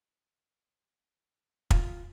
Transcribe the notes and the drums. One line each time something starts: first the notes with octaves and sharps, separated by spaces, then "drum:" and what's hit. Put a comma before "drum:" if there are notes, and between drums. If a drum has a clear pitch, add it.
F4, drum: kick